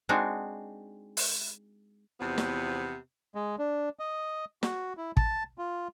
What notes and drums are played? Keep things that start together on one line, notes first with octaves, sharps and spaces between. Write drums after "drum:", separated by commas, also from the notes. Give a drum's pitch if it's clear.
G#3 C4 D4 D#4 F#4
drum: open hi-hat
E2 C3 F3 B3
drum: snare
G#3
D4
D#5
F#4, drum: snare
E4
A5, drum: kick
F4